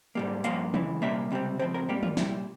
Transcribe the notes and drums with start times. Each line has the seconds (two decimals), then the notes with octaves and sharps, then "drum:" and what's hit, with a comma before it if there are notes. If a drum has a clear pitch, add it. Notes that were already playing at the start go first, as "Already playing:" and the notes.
0.15 G#2 G3 A#3
0.44 G2 F3 A#3 F5, drum: hi-hat
0.74 C#2 C#3 E3, drum: tom
1.02 C2 A#2 G3 A#3 E5
1.30 C#2 C3 G3 C4
1.59 C#2 C#3 F3 C4 C5
1.74 A#4
1.89 G#2 G3 A#3 G4
2.03 F4, drum: tom
2.17 C2 A#2 G3 E4, drum: snare